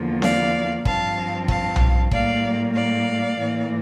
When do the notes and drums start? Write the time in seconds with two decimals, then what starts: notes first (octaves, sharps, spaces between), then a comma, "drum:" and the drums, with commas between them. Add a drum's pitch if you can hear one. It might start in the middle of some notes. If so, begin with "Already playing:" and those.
Already playing: E2 D3 F3 A#3
0.22 D5 F5, drum: snare C4
0.85 G2 F3 C4 F5 A5, drum: kick
1.48 F5 A5, drum: kick
1.76 drum: tom B1
2.11 A2 G3 A#3 D5 F5, drum: kick
2.75 D5 F5
3.38 A2 E3 A#3